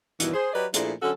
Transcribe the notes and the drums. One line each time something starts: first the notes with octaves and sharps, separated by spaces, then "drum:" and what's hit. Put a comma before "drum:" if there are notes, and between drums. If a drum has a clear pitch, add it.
E2 G2 B2 D#3 E3, drum: hi-hat
G#4 C5
F#3 G4 B4 D5 D#5
A#2 F3 A3 D4 E4 G#4, drum: hi-hat
D3 F#3 C#4 F#4 A4